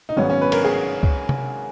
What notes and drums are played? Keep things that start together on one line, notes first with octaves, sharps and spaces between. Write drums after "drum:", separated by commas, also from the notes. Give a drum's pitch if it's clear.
D#4
G#1 G#2 F#3 B3 C#4
C#4
B4
A#4, drum: cymbal
G#4
drum: kick
drum: tom C3